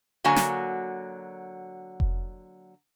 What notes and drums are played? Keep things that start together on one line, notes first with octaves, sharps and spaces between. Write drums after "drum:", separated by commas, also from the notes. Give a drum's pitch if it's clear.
D3 F#3 A#3 F#4 G#5
drum: snare
drum: kick F1